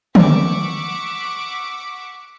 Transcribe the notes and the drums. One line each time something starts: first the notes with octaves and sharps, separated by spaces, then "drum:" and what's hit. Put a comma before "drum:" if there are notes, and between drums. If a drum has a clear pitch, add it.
F#5 C#6 D6 E6 B6, drum: tom